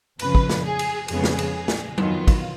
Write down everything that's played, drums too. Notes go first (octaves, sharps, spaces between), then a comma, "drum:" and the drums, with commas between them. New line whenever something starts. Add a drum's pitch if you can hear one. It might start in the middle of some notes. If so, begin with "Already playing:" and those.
F2 C#3 F3 B4, drum: cymbal
drum: kick
drum: snare
G#4
drum: cymbal
F2 C#3 G#3 B3 G#4, drum: cymbal
drum: snare
drum: cymbal
drum: snare
F2 D#3 F#3 B3 F4, drum: tom F#3
drum: kick, cymbal